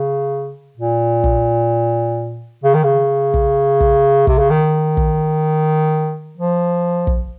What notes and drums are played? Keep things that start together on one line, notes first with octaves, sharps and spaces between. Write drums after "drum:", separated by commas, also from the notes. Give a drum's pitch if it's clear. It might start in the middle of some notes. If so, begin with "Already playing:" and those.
Already playing: C#3
A#2
drum: kick
C#3
D#3
C#3
drum: kick
drum: kick
C3, drum: kick
C#3
D#3
drum: kick
F3
drum: kick